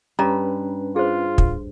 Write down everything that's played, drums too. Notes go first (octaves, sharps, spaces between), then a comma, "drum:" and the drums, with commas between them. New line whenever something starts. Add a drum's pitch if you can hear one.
G2 C#4 B4 A#5
F4 G#4 C5
drum: kick